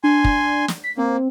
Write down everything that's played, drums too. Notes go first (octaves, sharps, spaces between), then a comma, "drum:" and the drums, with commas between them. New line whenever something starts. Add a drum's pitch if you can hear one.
D4 G#5 C6
drum: kick
drum: snare
B6
A#3 C4